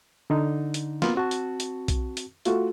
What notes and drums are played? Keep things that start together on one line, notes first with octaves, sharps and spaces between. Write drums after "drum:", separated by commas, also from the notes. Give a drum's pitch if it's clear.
D3 D#4
drum: hi-hat
A#3 B3 F4, drum: snare
C4 F#4 A5
drum: hi-hat
drum: hi-hat
drum: kick B1, hi-hat
drum: hi-hat
A3 F4 F#4, drum: hi-hat